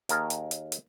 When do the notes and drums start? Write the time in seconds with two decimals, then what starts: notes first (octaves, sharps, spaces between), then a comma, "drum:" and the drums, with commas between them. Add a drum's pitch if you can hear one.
0.09 D#2 G#4 A#4 A5, drum: hi-hat
0.30 drum: hi-hat
0.51 drum: hi-hat
0.72 drum: hi-hat